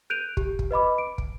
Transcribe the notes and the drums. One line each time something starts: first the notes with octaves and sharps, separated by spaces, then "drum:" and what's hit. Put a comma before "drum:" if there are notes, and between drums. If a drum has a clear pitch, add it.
F#6 G6 D7 D#7 F7
G4, drum: kick
drum: kick
B4 D#5 B5 D6
D7
drum: kick